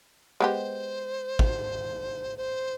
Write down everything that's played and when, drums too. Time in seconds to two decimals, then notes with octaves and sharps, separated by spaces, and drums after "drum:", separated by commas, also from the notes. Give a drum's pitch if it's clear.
0.40 G#3 B3 G4 C5
1.39 drum: kick
2.37 C5